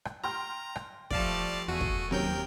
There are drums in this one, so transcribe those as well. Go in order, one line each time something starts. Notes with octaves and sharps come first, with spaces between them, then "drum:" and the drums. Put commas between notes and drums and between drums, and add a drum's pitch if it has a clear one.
drum: rim click
G5 A#5 C6 F6
drum: rim click
F3 G3 A3 D5 F5 A5, drum: kick
E2 A3 F#4 G#4
drum: kick
D#2 C3 F#3 C#4 A#4 G5 G6